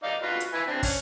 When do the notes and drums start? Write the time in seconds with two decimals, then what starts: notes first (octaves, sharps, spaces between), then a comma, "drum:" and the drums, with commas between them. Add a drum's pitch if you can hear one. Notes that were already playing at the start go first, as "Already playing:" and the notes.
0.04 D#4 D5 F5
0.23 F4 F#4 B4
0.40 drum: hi-hat
0.54 E4 B4 G#5
0.68 C4 D4
0.83 C#4, drum: kick, open hi-hat